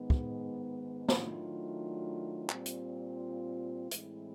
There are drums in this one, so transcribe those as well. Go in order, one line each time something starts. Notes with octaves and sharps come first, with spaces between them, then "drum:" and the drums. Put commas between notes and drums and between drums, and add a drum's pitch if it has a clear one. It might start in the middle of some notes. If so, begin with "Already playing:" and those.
Already playing: G#2 D#3 G#3 B3
drum: kick
D#3 F#3 A3 D4 F4, drum: snare
A#2 G3 C4 F4, drum: clap
drum: hi-hat
A2 E3 G#3 C4 E4, drum: hi-hat